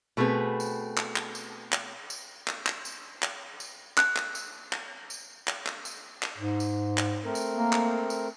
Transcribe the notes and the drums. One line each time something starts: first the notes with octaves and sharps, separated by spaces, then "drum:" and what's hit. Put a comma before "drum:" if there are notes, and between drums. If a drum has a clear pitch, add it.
B2 A3 C4 G#4 B4
drum: tambourine
drum: clap
drum: clap
drum: tambourine
drum: clap
drum: tambourine
drum: clap
drum: clap
drum: tambourine
drum: clap
drum: tambourine
F#6, drum: clap
drum: clap
drum: tambourine
drum: clap
drum: tambourine
drum: clap
drum: clap
drum: tambourine
drum: clap
G#2
drum: tambourine
drum: clap
A3 C4 A#4
drum: tambourine
A#3
drum: clap
drum: tambourine